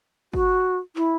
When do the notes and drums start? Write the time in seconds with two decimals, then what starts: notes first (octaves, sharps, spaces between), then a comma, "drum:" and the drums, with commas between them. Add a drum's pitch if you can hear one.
0.34 F#4, drum: kick
0.96 E4, drum: clap